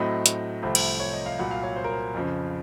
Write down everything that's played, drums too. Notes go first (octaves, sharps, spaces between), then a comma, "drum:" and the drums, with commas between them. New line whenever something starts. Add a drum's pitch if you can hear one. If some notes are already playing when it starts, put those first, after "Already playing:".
Already playing: A2 F#3 A3 C4 D#5
drum: hi-hat
C2 C3 F3 A3 C4
drum: cymbal
C#5
D#5
F5
C2 A#2 F#3 F#5
F5
C#5
C5
A#4
C5
F2 C#3 F3